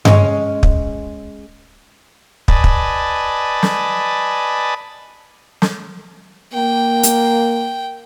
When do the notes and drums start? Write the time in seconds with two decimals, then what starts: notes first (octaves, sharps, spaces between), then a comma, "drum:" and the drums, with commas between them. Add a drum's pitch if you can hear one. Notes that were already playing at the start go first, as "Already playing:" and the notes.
0.05 G#3 C#4, drum: tom G2
0.63 drum: kick
2.48 B4 D5 D#5 G#5 A5 B5, drum: kick
2.64 drum: kick
3.63 drum: snare
5.62 drum: snare
6.53 A#3 G5
7.03 drum: hi-hat